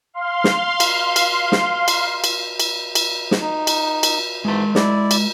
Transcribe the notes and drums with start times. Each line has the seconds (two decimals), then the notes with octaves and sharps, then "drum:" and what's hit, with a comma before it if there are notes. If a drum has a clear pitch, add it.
0.14 F5 C6
0.44 drum: snare
0.80 drum: cymbal
1.16 drum: cymbal
1.52 drum: snare
1.88 drum: cymbal
2.24 drum: cymbal
2.60 drum: cymbal
2.95 drum: cymbal
3.31 drum: snare
3.42 D#4
3.67 drum: cymbal
4.03 drum: cymbal
4.45 G#2 E3 G#3 A5
4.75 E4 D5, drum: snare
5.11 drum: cymbal